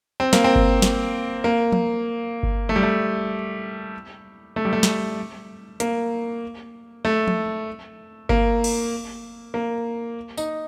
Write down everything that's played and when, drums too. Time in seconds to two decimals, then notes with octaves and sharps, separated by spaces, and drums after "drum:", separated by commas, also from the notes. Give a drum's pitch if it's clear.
0.20 C4
0.33 A#3, drum: snare
0.44 C4
0.55 drum: kick G1
0.82 drum: snare
1.44 A#3
1.72 drum: tom
2.43 drum: kick G1
2.69 A3
2.76 G3
2.83 A3
4.56 A3
4.65 G3
4.73 A3
4.83 drum: snare
5.80 A#3, drum: hi-hat
7.05 A3
7.28 drum: tom
8.29 A#3, drum: kick G1
8.64 drum: cymbal
9.54 A#3
10.37 D#4, drum: tambourine